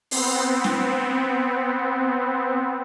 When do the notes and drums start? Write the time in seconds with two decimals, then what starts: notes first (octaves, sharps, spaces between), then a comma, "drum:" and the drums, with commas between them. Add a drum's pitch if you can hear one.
0.11 B3 C4, drum: open hi-hat
0.64 drum: snare